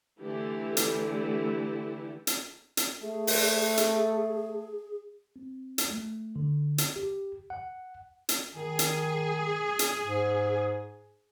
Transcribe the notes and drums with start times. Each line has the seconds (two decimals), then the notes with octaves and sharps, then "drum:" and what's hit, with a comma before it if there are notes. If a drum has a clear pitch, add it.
0.20 D3 E3 A3 E4 G4
0.77 drum: hi-hat
2.27 drum: hi-hat
2.77 drum: hi-hat
3.02 A3 G#4
3.27 drum: open hi-hat
3.77 drum: hi-hat
5.36 C4
5.78 drum: hi-hat
5.91 A3
6.36 D3
6.78 drum: hi-hat
6.96 G4
7.50 F#5
8.29 drum: hi-hat
8.56 D#3 G#4
8.79 drum: hi-hat
9.79 drum: hi-hat
10.04 G#2